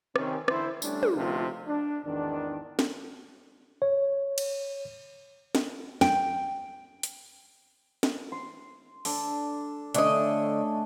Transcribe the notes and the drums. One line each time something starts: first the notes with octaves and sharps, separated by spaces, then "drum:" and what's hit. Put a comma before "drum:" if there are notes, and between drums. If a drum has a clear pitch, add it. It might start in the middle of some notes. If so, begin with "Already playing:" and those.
C3 D#3 C4 C#4, drum: rim click
D3 E3 E4 C5, drum: rim click
G3 A3 C#4 D4, drum: tambourine
drum: tom
D2 C3 F3 A3 D#4 F4
D4
G#1 E2 D#3 D4
drum: snare
C#5
drum: cymbal
drum: snare
G5, drum: snare
drum: hi-hat
drum: snare
C6
D4 A4, drum: open hi-hat
D3 A3 C#4 D4 D#5, drum: hi-hat